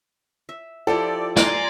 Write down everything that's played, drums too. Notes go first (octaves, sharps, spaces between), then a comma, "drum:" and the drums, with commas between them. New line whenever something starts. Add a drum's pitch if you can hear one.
E5
F3 E4 G4 A4 D5
F4 D5 G#5 A#5 C6, drum: snare